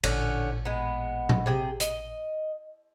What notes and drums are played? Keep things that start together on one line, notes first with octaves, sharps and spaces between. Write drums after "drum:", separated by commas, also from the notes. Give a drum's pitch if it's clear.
A1 A#2 D3 C#4, drum: cymbal
G#3 B3
drum: tom A#2
C3 G#4 G5
D#5, drum: hi-hat